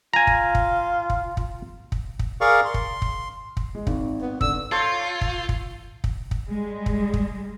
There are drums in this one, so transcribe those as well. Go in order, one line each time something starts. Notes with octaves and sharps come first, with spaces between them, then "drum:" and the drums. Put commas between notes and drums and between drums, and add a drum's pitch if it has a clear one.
F4 G#5 A#5
drum: kick
drum: kick
drum: kick
drum: kick
drum: kick
drum: kick
G#4 A#4 D5 F5 C#6
C6
drum: kick
drum: kick
drum: kick
G#3
G#1 D#3, drum: kick
B3
D3 E6, drum: kick
F4 A4 C5 C#5
drum: kick
drum: kick
drum: kick
drum: kick
G3 G#3
drum: kick
drum: kick